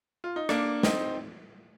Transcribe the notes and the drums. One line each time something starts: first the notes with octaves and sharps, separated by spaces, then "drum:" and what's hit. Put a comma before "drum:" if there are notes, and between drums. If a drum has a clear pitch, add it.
F4
D#4
A#3 D4, drum: rim click
C4 D#4, drum: snare